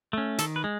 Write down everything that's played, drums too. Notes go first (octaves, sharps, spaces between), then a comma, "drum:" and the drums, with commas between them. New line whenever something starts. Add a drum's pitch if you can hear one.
A3 C#4
D#3 A4, drum: hi-hat
B4
G#3